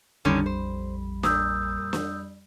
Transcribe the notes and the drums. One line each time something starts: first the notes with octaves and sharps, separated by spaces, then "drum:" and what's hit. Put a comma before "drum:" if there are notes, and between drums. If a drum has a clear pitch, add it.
A#1 F2 D3 D#3 G3 C#4 B5
C5
A#2 D#6 E6 G6, drum: snare
drum: snare